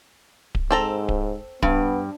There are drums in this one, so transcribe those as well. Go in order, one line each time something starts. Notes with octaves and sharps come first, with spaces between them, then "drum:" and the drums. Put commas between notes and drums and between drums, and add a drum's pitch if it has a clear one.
drum: kick D1
G#2 C4 A4 A#5
drum: kick D1
G2 B3, drum: kick D1